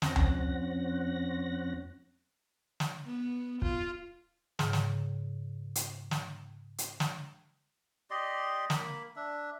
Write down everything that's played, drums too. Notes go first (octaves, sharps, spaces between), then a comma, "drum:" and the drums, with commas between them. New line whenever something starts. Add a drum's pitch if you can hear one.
F2 C4 C#4 F#5 A#6, drum: snare
drum: tom C#2
drum: snare
B3
F4, drum: kick
G#2 C#3, drum: snare
drum: snare
drum: hi-hat
drum: snare
drum: hi-hat
drum: snare
G4 D5 D#5 C6
A#3 B5, drum: snare
D4 E5